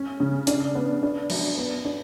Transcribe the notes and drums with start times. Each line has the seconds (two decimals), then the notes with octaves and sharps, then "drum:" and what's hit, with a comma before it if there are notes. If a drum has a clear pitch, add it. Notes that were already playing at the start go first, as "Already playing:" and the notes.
Already playing: C#4
0.20 C#3
0.47 D4, drum: hi-hat
0.75 B3
1.03 D4
1.30 F#3, drum: cymbal
1.57 B3
1.85 D4